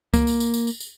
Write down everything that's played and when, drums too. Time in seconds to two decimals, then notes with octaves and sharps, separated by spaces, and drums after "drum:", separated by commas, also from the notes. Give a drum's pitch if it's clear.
0.14 A#3, drum: kick C2, tambourine
0.27 drum: tambourine
0.40 drum: tambourine
0.54 drum: tambourine
0.67 drum: tambourine
0.80 drum: tambourine